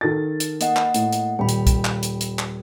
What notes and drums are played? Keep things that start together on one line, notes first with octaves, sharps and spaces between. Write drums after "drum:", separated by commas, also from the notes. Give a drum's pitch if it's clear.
D#3 A4 A6
drum: hi-hat
A#3 D#5 F#5, drum: hi-hat
drum: clap
A2, drum: hi-hat
drum: hi-hat
D#1 G5 B5
drum: hi-hat
drum: kick, hi-hat
drum: clap
drum: hi-hat
drum: hi-hat
drum: clap